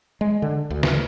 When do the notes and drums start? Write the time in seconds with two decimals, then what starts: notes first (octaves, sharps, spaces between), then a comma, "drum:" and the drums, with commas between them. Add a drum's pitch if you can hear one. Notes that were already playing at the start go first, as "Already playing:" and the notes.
0.21 G#3
0.42 D3
0.70 D2
0.83 drum: snare